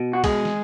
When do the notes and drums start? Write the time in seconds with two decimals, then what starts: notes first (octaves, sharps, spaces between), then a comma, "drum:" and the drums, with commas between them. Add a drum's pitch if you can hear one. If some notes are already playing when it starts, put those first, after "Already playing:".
Already playing: B2
0.13 F#4
0.24 G#3 G#4, drum: kick, cymbal
0.45 drum: snare